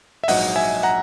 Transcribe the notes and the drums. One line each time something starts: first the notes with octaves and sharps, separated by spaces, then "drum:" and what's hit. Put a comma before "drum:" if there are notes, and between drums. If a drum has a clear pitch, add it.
E5
A#1 G#2 F#3 D#5 F#5, drum: open hi-hat
E5 G#5
F#5 A#5